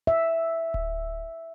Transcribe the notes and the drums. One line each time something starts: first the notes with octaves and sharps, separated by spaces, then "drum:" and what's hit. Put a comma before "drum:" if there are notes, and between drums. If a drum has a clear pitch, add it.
E5
drum: kick D1